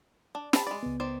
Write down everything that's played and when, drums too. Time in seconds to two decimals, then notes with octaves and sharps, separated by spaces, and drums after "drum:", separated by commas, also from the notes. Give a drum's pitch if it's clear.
0.35 D4
0.53 C4 A5 B5, drum: snare
0.67 G#3 D5
0.83 C#2 B3
1.00 D#3 C5 D5